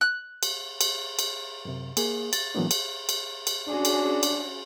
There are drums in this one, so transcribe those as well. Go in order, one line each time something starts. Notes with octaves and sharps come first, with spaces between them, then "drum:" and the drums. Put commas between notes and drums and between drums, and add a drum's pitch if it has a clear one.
F#6
drum: cymbal
drum: cymbal
drum: cymbal
F#2 C3
A#3 G#4, drum: cymbal
A6, drum: cymbal
A2 E3 F#3 A#3 B3 D4
drum: cymbal
drum: cymbal
drum: cymbal
C#4 D4 F#4 G#4
drum: cymbal
drum: cymbal